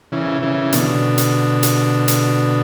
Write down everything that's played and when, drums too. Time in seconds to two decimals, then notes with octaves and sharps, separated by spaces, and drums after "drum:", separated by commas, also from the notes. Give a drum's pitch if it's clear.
0.12 C#3 E3
0.42 C#3 E3
0.72 B2 D3, drum: hi-hat
1.18 drum: hi-hat
1.63 drum: hi-hat
2.08 drum: hi-hat